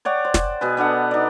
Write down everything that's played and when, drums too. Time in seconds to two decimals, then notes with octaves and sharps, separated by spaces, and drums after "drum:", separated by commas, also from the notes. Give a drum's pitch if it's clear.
0.05 C#5 D5 F#5 G5
0.25 C5
0.34 drum: snare
0.61 B2 G#4 B4
0.77 B3 D4 A4 F#5
1.11 D#4 D5